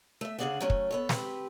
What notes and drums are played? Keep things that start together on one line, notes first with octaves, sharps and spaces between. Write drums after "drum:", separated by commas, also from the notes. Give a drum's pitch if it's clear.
A3 E5
D2 C#3 D4 G#4 D5 F#5
F#3 A3 C#4
drum: kick
B3 A4 C#5
C4 G4 B4, drum: snare